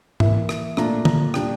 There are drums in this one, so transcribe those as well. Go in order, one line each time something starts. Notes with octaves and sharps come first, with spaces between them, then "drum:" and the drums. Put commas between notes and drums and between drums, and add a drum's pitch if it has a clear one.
E3 A#3 E4 E5, drum: tom
drum: rim click
A#2 A3 D4 F4 A#5, drum: rim click
A#5, drum: tom
A#2 G3 D4 F4 G5, drum: rim click